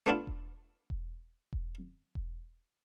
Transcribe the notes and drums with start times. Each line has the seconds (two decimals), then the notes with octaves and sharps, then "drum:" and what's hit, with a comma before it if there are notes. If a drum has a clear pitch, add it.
0.06 A3 B3 D4 E4 F4
0.27 drum: kick E1
0.90 drum: kick E1
1.53 drum: kick E1
2.15 drum: kick E1